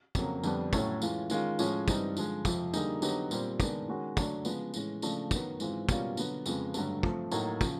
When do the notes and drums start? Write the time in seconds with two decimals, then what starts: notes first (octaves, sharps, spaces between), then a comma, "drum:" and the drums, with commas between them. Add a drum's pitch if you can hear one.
0.15 F2 C#3 F#3 A#3, drum: kick, tambourine
0.44 F2 D3 G3 B3 D4, drum: tambourine
0.73 A2 F#3 A3 C#4, drum: kick, tambourine
1.02 E3 G#3 C#4 F4, drum: tambourine
1.30 D#3 G#3 C#4 F4, drum: tambourine
1.59 A2 F3 G#3 C#4, drum: tambourine
1.88 G2 E3 G3 C4 D#4, drum: kick, tambourine
2.17 D3 F3 G#3, drum: tambourine
2.45 F2 C3 F3, drum: kick, tambourine
2.74 D3 G3 A#3 D#4 G#4, drum: tambourine
3.02 D3 F#3 B3 D#4 G4, drum: tambourine
3.31 A#2 G3 C4, drum: tambourine
3.60 D#3 G#3 B3 D4, drum: kick, tambourine
3.88 D#3 G#3 C#4 F#4
4.17 D3 F#3 A3 D4 F#4, drum: kick, tambourine
4.45 C#3 F3 G#3 B3, drum: tambourine
4.74 A2 E3 G#3 C#4, drum: tambourine
5.02 C#3 F3 A3 D4, drum: tambourine
5.31 D#3 F#3 B3, drum: kick, tambourine
5.60 G#2 E3 G#3 C4 F4, drum: tambourine
5.89 B2 G3 A#3 C#4 F4, drum: kick, tambourine
6.17 D3 F#3 B3, drum: tambourine
6.46 F2 C#3 F3 G#3 B3, drum: tambourine
6.74 G2 D3 F#3 A3, drum: tambourine
7.03 F3 A3 C4, drum: kick
7.32 A2 F#3 A#3 D#4, drum: tambourine
7.61 C#3 F3, drum: kick, tambourine